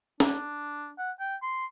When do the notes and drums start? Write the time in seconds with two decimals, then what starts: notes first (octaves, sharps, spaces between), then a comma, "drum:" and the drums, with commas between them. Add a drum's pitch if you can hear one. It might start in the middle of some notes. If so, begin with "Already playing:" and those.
0.20 D4, drum: snare
0.98 F#5
1.20 G5
1.42 C6